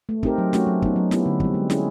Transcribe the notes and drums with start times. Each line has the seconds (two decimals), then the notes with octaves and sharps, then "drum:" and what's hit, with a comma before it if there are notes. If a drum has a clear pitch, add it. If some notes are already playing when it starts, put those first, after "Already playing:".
0.09 A3
0.23 C4 D#4 G4 A#4, drum: kick
0.38 F#3
0.53 A3 C#4 F#4, drum: snare
0.67 F#3
0.82 B3 D#4, drum: kick
0.96 F#3
1.11 B3 E4 G4, drum: snare
1.26 D3
1.40 G3 C4, drum: kick
1.54 G#3
1.70 C#4 E4 G#4, drum: snare